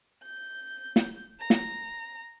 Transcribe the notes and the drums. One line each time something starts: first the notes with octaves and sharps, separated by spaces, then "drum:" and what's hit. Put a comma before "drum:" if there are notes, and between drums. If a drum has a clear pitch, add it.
G6
drum: snare
A#5
drum: snare